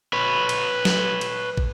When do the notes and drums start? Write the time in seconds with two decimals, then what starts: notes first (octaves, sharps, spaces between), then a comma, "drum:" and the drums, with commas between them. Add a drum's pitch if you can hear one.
0.13 B4 C#5
0.49 drum: cymbal
0.85 drum: snare
1.21 drum: cymbal
1.57 drum: kick